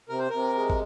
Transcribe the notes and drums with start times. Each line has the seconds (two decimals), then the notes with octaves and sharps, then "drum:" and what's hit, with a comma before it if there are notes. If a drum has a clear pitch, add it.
0.09 C3 A#4
0.19 C5
0.30 C3 A#4
0.55 G#3
0.70 drum: kick